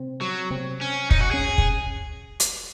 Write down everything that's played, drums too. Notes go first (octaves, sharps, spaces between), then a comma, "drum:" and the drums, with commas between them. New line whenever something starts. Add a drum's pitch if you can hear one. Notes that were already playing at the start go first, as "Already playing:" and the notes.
Already playing: C3 C4
F#3
C3 C4
C#4
D#4, drum: kick
F#4
C#4 G#4
drum: kick
drum: hi-hat